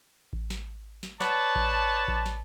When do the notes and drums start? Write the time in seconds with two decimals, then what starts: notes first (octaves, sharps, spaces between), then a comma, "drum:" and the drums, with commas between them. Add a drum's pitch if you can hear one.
0.33 drum: kick A1
0.50 drum: snare
1.03 drum: snare
1.20 B4 C#5 D5 A5, drum: snare
1.56 drum: kick A1
2.08 drum: kick A1
2.26 drum: snare